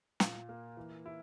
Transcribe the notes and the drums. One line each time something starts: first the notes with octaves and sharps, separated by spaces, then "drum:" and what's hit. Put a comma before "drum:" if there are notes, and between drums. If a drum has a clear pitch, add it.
A#2, drum: snare
A#3
E3
E4